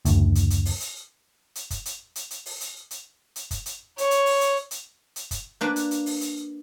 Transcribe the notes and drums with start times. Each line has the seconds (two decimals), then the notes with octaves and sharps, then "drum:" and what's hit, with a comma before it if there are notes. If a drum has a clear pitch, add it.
0.05 F#1 D2, drum: hi-hat
0.35 drum: hi-hat
0.50 drum: hi-hat
0.65 drum: open hi-hat
0.80 drum: hi-hat
1.55 drum: hi-hat
1.70 drum: kick, hi-hat
1.85 drum: hi-hat
2.16 drum: hi-hat
2.31 drum: hi-hat
2.46 drum: open hi-hat
2.61 drum: hi-hat
2.91 drum: hi-hat
3.36 drum: hi-hat
3.51 drum: kick, hi-hat
3.66 drum: hi-hat
3.98 C#5, drum: hi-hat
4.11 drum: hi-hat
4.26 drum: open hi-hat
4.41 drum: hi-hat
4.71 drum: hi-hat
5.16 drum: hi-hat
5.31 drum: kick, hi-hat
5.61 A#3 D4 B4
5.76 drum: hi-hat
5.91 drum: hi-hat
6.06 drum: open hi-hat
6.21 drum: hi-hat